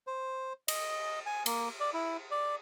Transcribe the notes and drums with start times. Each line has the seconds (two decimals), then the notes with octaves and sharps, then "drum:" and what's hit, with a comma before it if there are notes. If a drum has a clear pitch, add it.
0.07 C5
0.68 D#5, drum: cymbal
1.26 G#5
1.46 A#3, drum: cymbal
1.80 D5
1.94 E4
2.31 D5